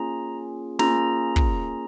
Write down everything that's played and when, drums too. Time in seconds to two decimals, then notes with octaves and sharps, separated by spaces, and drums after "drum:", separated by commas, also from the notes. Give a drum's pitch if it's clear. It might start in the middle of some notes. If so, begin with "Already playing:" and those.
Already playing: A#3 C#4 F4 G#4 A#5
0.79 A#3 C#4 F4 G#4 A#5, drum: snare
1.36 drum: kick